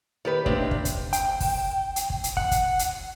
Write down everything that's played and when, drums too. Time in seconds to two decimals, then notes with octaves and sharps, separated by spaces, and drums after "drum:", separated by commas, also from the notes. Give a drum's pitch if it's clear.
0.25 D#3 G4 B4
0.46 A#3 C4 D4 D#4 G4 E5, drum: kick
0.71 drum: kick
0.85 drum: kick, hi-hat
1.13 G5, drum: hi-hat
1.40 drum: kick, open hi-hat
1.96 drum: hi-hat
2.10 drum: kick
2.24 drum: hi-hat
2.37 F#5, drum: kick
2.51 drum: kick, hi-hat
2.79 drum: hi-hat